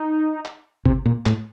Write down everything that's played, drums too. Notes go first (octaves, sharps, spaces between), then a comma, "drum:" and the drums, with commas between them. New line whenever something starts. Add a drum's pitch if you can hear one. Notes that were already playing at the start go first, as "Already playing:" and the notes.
Already playing: D#4
drum: clap
C3, drum: kick G1
A#2
A2, drum: clap